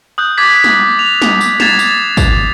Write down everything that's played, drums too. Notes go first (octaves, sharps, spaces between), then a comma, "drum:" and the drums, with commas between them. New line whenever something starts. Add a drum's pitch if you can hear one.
D#6 F#6 G6
D6 G#6 A6 B6
drum: snare
F7
drum: snare
drum: tambourine
G#6 A6 C7 E7 F7, drum: snare
drum: tambourine
drum: kick, tambourine